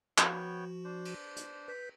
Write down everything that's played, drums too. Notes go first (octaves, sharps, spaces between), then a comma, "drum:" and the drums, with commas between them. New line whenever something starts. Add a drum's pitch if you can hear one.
F3 B3 F#4 C#5 G5, drum: clap
D4 C5
drum: cymbal
drum: hi-hat
B4 G6 B6